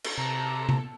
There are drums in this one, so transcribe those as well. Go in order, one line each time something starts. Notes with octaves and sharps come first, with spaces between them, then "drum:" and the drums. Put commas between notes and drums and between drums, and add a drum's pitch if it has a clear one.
drum: cymbal
C3 A4 A#5
drum: tom C3